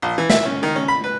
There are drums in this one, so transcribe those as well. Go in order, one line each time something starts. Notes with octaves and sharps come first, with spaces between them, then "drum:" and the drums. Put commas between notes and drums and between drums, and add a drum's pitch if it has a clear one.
A#1
E3
E5, drum: snare
C#4
D#3
C#4
B5
B4